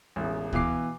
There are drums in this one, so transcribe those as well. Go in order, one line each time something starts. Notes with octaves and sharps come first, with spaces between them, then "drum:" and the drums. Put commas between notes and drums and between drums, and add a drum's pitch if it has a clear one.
E1 A1
B2 E3 F5 D6 C7, drum: kick